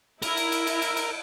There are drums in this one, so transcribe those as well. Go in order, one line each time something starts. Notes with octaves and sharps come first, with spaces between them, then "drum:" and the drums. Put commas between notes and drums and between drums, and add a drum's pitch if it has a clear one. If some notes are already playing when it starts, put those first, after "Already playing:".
E4 A#4, drum: cymbal
drum: cymbal
drum: cymbal
drum: cymbal
drum: cymbal
drum: cymbal